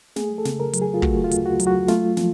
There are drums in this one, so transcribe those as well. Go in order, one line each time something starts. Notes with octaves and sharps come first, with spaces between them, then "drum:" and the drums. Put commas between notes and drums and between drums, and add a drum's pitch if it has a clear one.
A3 G#4, drum: snare
A4
C#3, drum: snare
A#4
F#3, drum: hi-hat
G#4
F4
A3 F#4, drum: kick
F4
D2, drum: hi-hat
F#4
F#3, drum: hi-hat
F#4
A3 F4, drum: snare
F3, drum: snare